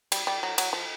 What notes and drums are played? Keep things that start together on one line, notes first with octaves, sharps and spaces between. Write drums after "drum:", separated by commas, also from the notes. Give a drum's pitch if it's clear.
G3, drum: cymbal
G3
F#3
F#3, drum: cymbal
F3